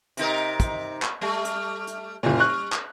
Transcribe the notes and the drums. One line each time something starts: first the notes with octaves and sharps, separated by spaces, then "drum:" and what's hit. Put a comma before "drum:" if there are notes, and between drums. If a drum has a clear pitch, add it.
C3 D#4 A#4, drum: hi-hat
drum: kick, hi-hat
drum: clap
G3 A3
drum: hi-hat
drum: hi-hat
F#1 A#2 G3
C#6 F#6
drum: clap